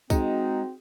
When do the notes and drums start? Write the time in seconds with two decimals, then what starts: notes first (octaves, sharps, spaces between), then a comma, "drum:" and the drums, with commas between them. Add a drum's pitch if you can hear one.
0.10 G#3 C4 D#4 F#4, drum: kick C2, tambourine